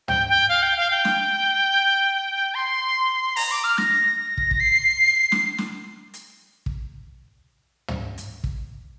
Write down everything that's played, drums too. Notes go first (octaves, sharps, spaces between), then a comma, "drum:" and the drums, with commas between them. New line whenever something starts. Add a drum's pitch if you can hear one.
G5, drum: tom
G5
F5
G5
F5
G5
drum: snare
C6
A#5, drum: open hi-hat
D6
F6
A#6, drum: snare
drum: kick
drum: kick
C7
drum: snare
drum: snare
drum: hi-hat
drum: kick
drum: tom
drum: hi-hat
drum: kick